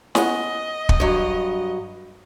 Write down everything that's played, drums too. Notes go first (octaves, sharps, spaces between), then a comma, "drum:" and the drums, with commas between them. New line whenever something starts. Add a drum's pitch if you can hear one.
B3 C#4 D#5, drum: snare
drum: kick
G2 F#3